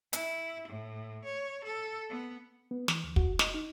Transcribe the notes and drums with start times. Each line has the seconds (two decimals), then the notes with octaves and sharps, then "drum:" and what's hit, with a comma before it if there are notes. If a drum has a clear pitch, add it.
0.13 E4, drum: hi-hat
0.68 A2
1.25 C#5
1.64 A4
2.09 B3
2.71 B3
2.88 E3, drum: snare
3.04 D2
3.16 F#4, drum: kick
3.39 D#5, drum: snare
3.54 D#4